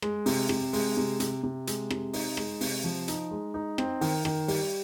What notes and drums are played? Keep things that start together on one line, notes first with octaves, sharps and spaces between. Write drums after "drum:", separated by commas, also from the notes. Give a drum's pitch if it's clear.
G#3, drum: rim click
C3, drum: open hi-hat
C3, drum: rim click
G#3, drum: open hi-hat
C3
C3, drum: hi-hat
C3
G#3, drum: hi-hat
C3, drum: rim click
D#4, drum: open hi-hat
G#3, drum: rim click
C3, drum: open hi-hat
F3
D#4, drum: hi-hat
G#3
D#4
C4, drum: rim click
D#3, drum: open hi-hat
D#3, drum: rim click
G3, drum: open hi-hat